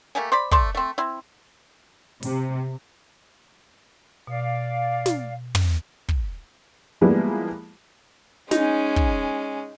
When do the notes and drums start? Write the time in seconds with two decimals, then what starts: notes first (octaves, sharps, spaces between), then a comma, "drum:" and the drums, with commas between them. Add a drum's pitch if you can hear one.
0.15 A3 A#3 G4 G#5
0.32 C5 D5 B5
0.51 A3 C5 D5 A5, drum: kick
0.75 A3 C4
0.98 C4 E4
2.23 C3, drum: open hi-hat
4.27 B2 D5 F5
5.06 drum: snare
5.55 drum: tom
6.09 drum: kick
7.01 F3 G3 G#3 A#3 B3 E4
8.51 G#3 C#4 D#4, drum: snare
8.96 drum: kick